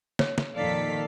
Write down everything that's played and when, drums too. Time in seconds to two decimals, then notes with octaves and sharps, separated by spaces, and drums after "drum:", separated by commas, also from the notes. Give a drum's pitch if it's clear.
0.19 C#5, drum: snare
0.38 drum: snare
0.56 F2 A#2 D#3 A4 D5 F5 B6